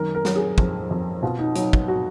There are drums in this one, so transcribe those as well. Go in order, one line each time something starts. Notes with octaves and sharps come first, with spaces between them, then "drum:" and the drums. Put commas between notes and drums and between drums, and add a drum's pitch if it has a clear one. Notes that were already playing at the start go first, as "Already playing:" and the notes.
Already playing: F#2 D#3 A#4
A#4
F#3, drum: snare
G#4
F2, drum: kick
F2
B2 F4
D#4
F#3 D#4, drum: hi-hat
drum: kick
F#4